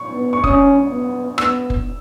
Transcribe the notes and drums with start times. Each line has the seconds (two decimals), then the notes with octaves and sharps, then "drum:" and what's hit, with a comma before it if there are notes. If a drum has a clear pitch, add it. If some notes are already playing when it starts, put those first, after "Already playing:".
Already playing: C#6
0.12 B3
0.33 C#6
0.44 C#4 D#6, drum: kick F1
0.91 B3
1.38 B3 E6, drum: rim click
1.70 drum: kick F1